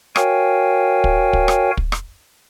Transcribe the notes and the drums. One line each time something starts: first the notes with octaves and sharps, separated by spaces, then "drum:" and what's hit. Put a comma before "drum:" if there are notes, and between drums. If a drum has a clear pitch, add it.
F#4 A#4 C#5 F5 G5 G#5, drum: rim click
drum: kick
drum: kick
drum: rim click
drum: kick
drum: rim click